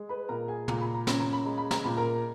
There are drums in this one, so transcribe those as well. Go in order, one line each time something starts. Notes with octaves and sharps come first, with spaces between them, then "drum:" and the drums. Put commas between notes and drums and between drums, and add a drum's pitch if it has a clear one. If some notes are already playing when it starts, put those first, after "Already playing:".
Already playing: G#3
B4 B5
A#2 A#4 A#5
G#4 G#5
A#2 A#5, drum: tom
B5
A#5
C#4 B5, drum: snare
A#5
B5
G#3 A#5
B5
A#5, drum: snare
A#2 B5
A#4 A#5